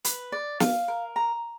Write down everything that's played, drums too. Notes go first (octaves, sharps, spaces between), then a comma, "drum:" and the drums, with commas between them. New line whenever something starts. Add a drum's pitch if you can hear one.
B4, drum: hi-hat
D5
F5, drum: snare
A#4
A#5